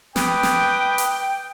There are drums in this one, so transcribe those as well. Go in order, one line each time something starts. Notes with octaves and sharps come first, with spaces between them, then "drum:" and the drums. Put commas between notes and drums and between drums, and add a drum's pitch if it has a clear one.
B4 G5 D6 D#6, drum: snare
drum: snare
drum: hi-hat